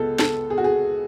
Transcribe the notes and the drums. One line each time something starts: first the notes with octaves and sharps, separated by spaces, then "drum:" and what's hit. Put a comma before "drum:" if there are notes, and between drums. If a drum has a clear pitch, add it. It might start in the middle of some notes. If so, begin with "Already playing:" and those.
Already playing: C#2 G#3 B3 A4
A4, drum: snare
G#4
F#4
G#4